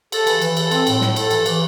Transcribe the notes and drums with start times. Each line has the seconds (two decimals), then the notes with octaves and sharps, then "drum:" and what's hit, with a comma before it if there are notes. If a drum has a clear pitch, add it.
0.12 A4, drum: cymbal
0.27 E3, drum: cymbal
0.42 E3, drum: cymbal
0.57 A4, drum: cymbal
0.71 C4, drum: cymbal
0.87 A2, drum: cymbal
1.01 A2, drum: snare
1.16 A4, drum: cymbal
1.31 E3, drum: cymbal
1.46 E3, drum: cymbal